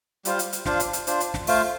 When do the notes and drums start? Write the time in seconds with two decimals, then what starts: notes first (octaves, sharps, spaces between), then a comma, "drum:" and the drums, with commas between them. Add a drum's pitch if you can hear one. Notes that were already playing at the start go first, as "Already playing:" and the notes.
0.25 G3 F4 C5 F5, drum: hi-hat
0.39 drum: hi-hat
0.53 drum: hi-hat
0.66 D4 F4 C5 F5, drum: snare
0.80 drum: hi-hat
0.93 drum: hi-hat
1.07 D4 F4 C5, drum: hi-hat
1.20 drum: hi-hat
1.34 drum: snare
1.47 A3 F4 C5 F5, drum: open hi-hat